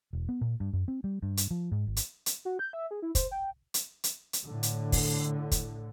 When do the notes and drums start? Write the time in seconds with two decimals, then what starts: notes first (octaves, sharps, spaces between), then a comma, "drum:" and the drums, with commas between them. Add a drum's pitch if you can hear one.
0.13 E1
0.29 B3
0.41 A#2
0.60 G2
0.73 F#2
0.88 C4
1.04 G3
1.23 G2
1.37 drum: hi-hat
1.51 F3
1.72 G#2
1.87 G#1
1.97 drum: hi-hat
2.26 drum: hi-hat
2.45 F#4
2.59 G6
2.73 E5
2.91 G#4
3.02 E4
3.15 C5, drum: kick, hi-hat
3.31 G5
3.74 drum: hi-hat
4.04 drum: hi-hat
4.33 drum: hi-hat
4.47 A2 D3
4.63 drum: hi-hat
4.92 drum: kick, open hi-hat
5.51 drum: kick, hi-hat